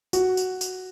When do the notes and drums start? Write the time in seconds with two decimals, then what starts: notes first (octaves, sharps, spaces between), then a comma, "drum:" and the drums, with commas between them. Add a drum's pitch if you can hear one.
0.13 F#4, drum: tambourine
0.37 drum: tambourine
0.61 drum: tambourine